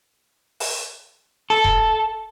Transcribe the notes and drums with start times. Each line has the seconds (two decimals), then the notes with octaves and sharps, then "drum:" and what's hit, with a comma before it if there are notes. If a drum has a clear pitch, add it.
0.60 drum: open hi-hat
1.50 A4
1.64 drum: kick E1